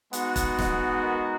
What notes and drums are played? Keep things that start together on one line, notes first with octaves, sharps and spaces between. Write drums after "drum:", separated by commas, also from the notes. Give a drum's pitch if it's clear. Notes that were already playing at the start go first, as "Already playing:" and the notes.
G#3 B3 D#4 F#4 F#5, drum: hi-hat
drum: kick E1, hi-hat
D#5, drum: snare
A#4